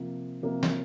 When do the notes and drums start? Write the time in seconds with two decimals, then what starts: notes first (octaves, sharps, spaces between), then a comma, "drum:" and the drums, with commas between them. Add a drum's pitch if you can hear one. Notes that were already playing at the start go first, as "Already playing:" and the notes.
Already playing: C3 F3 A#3
0.43 C3 F3 A#3
0.63 drum: snare